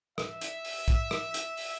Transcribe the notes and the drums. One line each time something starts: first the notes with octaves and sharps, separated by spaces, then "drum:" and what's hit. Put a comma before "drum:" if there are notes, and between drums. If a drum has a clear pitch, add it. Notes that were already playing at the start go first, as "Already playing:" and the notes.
E5, drum: rim click
drum: hi-hat
drum: open hi-hat
drum: kick, hi-hat
drum: rim click
drum: hi-hat
drum: open hi-hat